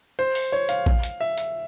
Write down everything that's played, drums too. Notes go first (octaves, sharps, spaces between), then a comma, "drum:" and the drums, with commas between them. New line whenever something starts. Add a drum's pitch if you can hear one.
C5
drum: open hi-hat
C#5
F5, drum: hi-hat
drum: kick A1
drum: hi-hat
E5
drum: hi-hat